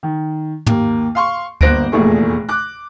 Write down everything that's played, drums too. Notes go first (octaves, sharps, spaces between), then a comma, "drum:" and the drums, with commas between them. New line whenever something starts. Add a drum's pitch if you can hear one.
D#3
D#2 A#3, drum: tom
F5 C6 C#6
G1 A#3 C5 F#6 A#6 D7, drum: kick D2
F1 E2 A#2 A3 G#4 C#6
D6 F#6